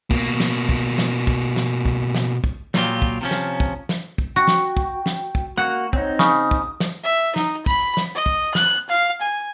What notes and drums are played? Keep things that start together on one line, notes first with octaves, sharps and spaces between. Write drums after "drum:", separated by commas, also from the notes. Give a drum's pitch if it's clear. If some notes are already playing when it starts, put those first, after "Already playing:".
B2 A#3, drum: kick
drum: snare
drum: kick
drum: snare
drum: kick
drum: snare
drum: kick
drum: snare
drum: kick
A#2 F#3 F4 G4, drum: snare
drum: kick
C3 F3 C#4
drum: snare
drum: kick
drum: snare
drum: kick
F#4 G5
drum: snare
drum: kick
drum: snare
drum: kick
A#3 F#4 F#5
C4 D#4 C#5, drum: kick
C#3 D#6, drum: snare
drum: kick
drum: snare
E5
D#4, drum: snare
B5, drum: kick
drum: snare
D#5
drum: kick
F#6, drum: snare
F5
G#5